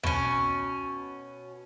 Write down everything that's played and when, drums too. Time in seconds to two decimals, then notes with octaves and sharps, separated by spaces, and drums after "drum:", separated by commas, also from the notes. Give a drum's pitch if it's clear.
0.04 B2 C#4, drum: tom